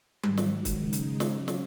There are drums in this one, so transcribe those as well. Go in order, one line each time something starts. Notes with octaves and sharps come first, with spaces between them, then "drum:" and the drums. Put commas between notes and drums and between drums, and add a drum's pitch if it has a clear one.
G#2 D#3 F#3, drum: tom G3
drum: snare
drum: kick, hi-hat
C#3 G#3 D#4
drum: hi-hat
drum: snare
C#3 F#3 C#4
drum: snare